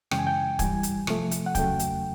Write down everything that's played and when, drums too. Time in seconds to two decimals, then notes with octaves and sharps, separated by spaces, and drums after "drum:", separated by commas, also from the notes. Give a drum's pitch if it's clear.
0.11 F#2 C#3 E3 G#3 G5, drum: rim click
0.19 G#5
0.27 G5
0.59 G2 E3 G3 G#5, drum: kick, hi-hat
0.83 drum: hi-hat
1.07 C3 F3 A3, drum: rim click
1.31 drum: hi-hat
1.46 F#5
1.55 E2 C#3 F#3 A3 G5, drum: kick, hi-hat
1.79 drum: hi-hat